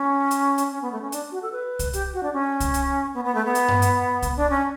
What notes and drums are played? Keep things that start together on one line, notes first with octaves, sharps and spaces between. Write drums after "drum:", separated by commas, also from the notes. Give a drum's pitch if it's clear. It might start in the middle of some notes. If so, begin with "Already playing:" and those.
Already playing: C#4
drum: hi-hat
drum: hi-hat
C#4
B3
A3
C#4
D4, drum: hi-hat
F#4
A4
B4
drum: kick C2, hi-hat
G4, drum: hi-hat
F#4
D4
C#4
drum: kick C2, hi-hat
drum: hi-hat
B3
B3
A3
B3
drum: hi-hat
drum: tom G2
drum: hi-hat
drum: kick C2, hi-hat
D4
C#4